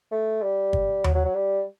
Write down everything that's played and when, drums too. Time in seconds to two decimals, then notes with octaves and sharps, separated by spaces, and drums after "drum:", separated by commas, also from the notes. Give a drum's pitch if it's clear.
0.11 A3
0.42 G3
0.73 drum: kick G1
1.04 F#3, drum: tom D#2
1.15 F#3
1.25 F#3
1.35 G3